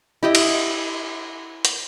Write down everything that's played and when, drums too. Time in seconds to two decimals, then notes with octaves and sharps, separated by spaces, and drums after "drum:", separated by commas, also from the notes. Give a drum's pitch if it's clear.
0.23 E4 G4 D#5
0.35 drum: cymbal
1.65 drum: hi-hat